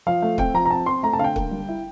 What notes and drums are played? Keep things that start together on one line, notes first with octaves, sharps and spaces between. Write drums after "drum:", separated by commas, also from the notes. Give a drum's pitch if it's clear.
F3 F5
A3
C4 G5, drum: kick
F3 A#5
A#5
C4 A5
C4 C6
A3 A#5
A5
D3 F5
G5
A#3, drum: kick
G3
E4